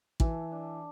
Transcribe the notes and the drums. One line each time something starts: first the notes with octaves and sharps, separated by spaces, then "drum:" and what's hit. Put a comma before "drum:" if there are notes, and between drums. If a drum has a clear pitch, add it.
E3 A4, drum: kick
D4